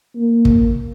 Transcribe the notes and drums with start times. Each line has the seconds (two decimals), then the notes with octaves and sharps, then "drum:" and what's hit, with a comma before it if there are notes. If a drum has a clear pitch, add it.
0.16 A#3
0.45 drum: kick